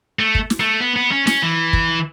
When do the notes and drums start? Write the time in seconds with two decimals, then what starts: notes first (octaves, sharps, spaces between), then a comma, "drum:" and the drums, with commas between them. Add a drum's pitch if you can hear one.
0.19 A3
0.35 drum: kick
0.50 drum: snare
0.60 A3
0.81 B3
0.96 B3
1.12 C#4
1.27 C#4, drum: snare
1.43 E3
1.73 drum: kick